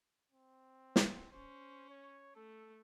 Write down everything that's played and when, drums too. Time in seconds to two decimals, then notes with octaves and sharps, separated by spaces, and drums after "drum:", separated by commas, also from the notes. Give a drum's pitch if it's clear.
0.31 C4
0.96 drum: snare
1.32 C#4 C5
1.90 C#5
2.36 A3 A4